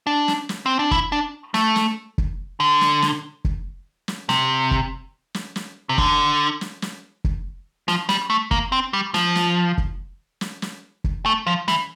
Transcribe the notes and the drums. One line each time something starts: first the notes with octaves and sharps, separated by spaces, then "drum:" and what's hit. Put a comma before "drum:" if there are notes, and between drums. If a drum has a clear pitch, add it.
D4
drum: snare
drum: snare
C4
D4
E4, drum: kick
D4
A3, drum: snare
drum: snare
drum: kick
D3
drum: snare
drum: snare
drum: kick
drum: snare
C3, drum: snare
drum: kick
drum: snare
drum: snare
C3
D3, drum: kick
drum: snare
drum: snare
drum: kick
F3, drum: snare
G3, drum: snare
A3
A#3, drum: kick
C4
G3
F3, drum: snare
drum: snare
drum: kick
drum: snare
drum: snare
drum: kick
A3
F3
E3, drum: snare